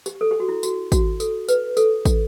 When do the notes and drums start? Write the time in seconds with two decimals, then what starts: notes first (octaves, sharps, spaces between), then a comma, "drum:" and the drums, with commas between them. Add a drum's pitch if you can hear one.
0.06 G4, drum: tambourine
0.21 A4
0.31 G4
0.40 F#4
0.49 E4
0.63 F#4, drum: tambourine
0.92 F#4, drum: kick, tambourine
1.20 A4, drum: tambourine
1.48 B4, drum: tambourine
1.77 A4, drum: tambourine
2.05 drum: kick, tambourine